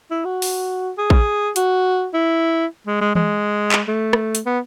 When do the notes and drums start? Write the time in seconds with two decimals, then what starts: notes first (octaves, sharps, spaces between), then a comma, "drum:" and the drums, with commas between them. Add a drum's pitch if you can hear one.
0.11 E4
0.25 F#4
0.42 drum: open hi-hat
0.98 G#4
1.10 drum: kick
1.56 F#4, drum: hi-hat
2.14 E4
2.86 G#3
3.01 G#3
3.15 G#3, drum: tom E3
3.72 drum: clap
3.88 A3
4.13 drum: rim click
4.35 drum: hi-hat
4.46 B3